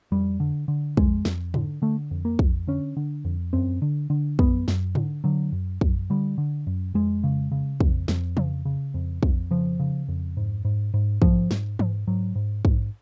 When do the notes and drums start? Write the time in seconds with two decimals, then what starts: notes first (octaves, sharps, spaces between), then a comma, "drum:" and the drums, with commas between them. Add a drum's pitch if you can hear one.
0.12 F2 G3
0.40 D3
0.68 D3
0.97 F2 G#3, drum: kick
1.25 F2, drum: snare
1.54 D3, drum: tom G#2
1.82 D3 A3
2.11 F2
2.25 A#3
2.39 F2, drum: kick
2.67 D3 C#4
2.97 D3
3.25 F2
3.53 F#2 C4
3.82 D3
4.10 D3
4.39 F#2 B3, drum: kick
4.68 F#2, drum: snare
4.95 D3, drum: tom G#2
5.24 D3 F#3
5.52 F#2
5.81 F#2, drum: kick
6.10 D3 G3
6.38 D3
6.67 F#2
6.94 F2 G#3
7.24 C#3
7.52 C#3
7.81 F2, drum: kick
8.08 F2, drum: snare
8.37 C#3, drum: tom E3
8.65 C#3
8.94 F2
9.23 F2, drum: kick
9.51 C#3 F3
9.79 C#3
10.08 F2
10.37 G#2
10.65 G#2
10.94 G#2
11.22 G#2 F3, drum: kick
11.51 G#2, drum: snare
11.79 G#2, drum: tom E3
12.07 G#2 F#3
12.35 G#2
12.65 G#2, drum: kick